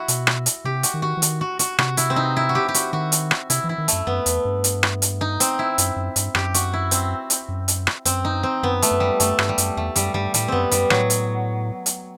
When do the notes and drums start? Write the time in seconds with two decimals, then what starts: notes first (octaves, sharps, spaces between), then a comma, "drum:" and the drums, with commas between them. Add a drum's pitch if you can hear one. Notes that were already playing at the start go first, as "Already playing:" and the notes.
Already playing: E4 F#4
0.08 B2, drum: hi-hat
0.27 drum: rim click
0.46 drum: hi-hat
0.64 C3 G4
0.83 F#4, drum: hi-hat
0.94 D#3
1.02 F#4
1.17 E3
1.22 D#3, drum: hi-hat
1.41 F#4
1.59 F#4, drum: hi-hat
1.78 C3 F#4, drum: rim click
1.97 E4, drum: hi-hat
2.10 C4
2.16 D#4
2.36 E4
2.49 F#4
2.55 G4
2.68 G4
2.74 F#4, drum: hi-hat
2.93 D#3 F#4
3.12 drum: hi-hat
3.31 drum: rim click
3.50 C3 E4, drum: hi-hat
3.64 E3
3.69 E4
3.78 D#3
3.88 F#2 A3, drum: hi-hat
4.07 F#2 B3
4.26 E2, drum: hi-hat
4.45 G2
4.64 drum: hi-hat
4.83 drum: rim click
5.02 drum: hi-hat
5.21 D#4
5.40 C4, drum: hi-hat
5.59 E4
5.78 F#2, drum: hi-hat
5.96 F#2
6.16 G2, drum: hi-hat
6.35 F#2 G4, drum: rim click
6.54 F#4, drum: hi-hat
6.73 E4
6.91 C4, drum: hi-hat
7.30 drum: hi-hat
7.48 F#2
7.68 drum: hi-hat
7.87 drum: rim click
8.05 F#2 C4, drum: hi-hat
8.25 D#4
8.43 C4
8.63 F#2 B3
8.82 A3, drum: hi-hat
8.91 F#2
9.00 G3
9.20 F#2 A3, drum: hi-hat
9.39 G2, drum: rim click
9.49 G3
9.58 F#2, drum: hi-hat
9.77 E2 A3
9.96 F#2 G3, drum: hi-hat
10.14 G2 G3
10.34 A2 G3, drum: hi-hat
10.48 F#2 B3 C4
10.71 F#2 G3, drum: hi-hat
10.90 A2 F#3, drum: rim click
11.10 drum: hi-hat
11.86 drum: hi-hat